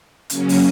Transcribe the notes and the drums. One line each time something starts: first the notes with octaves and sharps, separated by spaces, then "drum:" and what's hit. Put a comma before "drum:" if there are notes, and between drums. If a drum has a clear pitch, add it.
C#3 F#3 A#3 C#4, drum: hi-hat
drum: open hi-hat